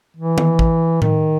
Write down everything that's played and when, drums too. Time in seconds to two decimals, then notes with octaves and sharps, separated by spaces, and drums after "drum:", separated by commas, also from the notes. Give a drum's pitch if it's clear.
0.17 E3
0.38 drum: tom D#3
0.59 drum: kick A1
1.02 D#3, drum: tom A2